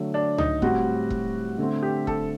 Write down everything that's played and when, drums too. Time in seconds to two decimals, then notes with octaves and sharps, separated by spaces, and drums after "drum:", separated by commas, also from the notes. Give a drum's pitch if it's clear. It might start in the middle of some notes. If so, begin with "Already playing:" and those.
Already playing: D3 F#3 A3
0.14 D4
0.38 D#4, drum: tom C#2
0.62 A2 G3 C4 F#4, drum: kick E1
1.10 drum: kick E1
1.58 D3 A3 C4
1.83 G4
2.07 A4, drum: kick E1